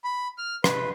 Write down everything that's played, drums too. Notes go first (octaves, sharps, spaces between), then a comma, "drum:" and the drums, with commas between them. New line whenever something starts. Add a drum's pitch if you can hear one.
B5
F6
B4, drum: rim click